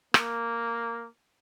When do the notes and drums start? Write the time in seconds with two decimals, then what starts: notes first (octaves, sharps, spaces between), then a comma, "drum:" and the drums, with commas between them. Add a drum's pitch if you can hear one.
0.14 A#3, drum: rim click